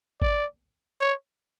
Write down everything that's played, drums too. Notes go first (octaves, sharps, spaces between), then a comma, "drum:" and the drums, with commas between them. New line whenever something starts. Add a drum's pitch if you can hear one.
D5, drum: kick G#1
C#5